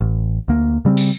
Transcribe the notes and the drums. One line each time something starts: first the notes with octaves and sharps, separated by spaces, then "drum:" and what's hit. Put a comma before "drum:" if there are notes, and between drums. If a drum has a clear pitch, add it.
A1
D2 A#3
C#3 G3 B3 C4
drum: tambourine